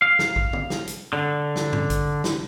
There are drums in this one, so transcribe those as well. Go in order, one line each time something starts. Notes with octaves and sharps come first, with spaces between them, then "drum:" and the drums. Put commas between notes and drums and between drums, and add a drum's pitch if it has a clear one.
F5
drum: snare
drum: kick A1
drum: tom
drum: snare
drum: hi-hat
D3
drum: snare
drum: tom A2
drum: kick A1, hi-hat
drum: snare